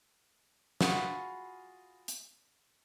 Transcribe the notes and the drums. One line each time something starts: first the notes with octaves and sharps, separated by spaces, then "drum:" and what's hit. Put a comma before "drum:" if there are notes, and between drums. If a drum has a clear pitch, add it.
F4 F#4 G#4 B5, drum: snare
drum: hi-hat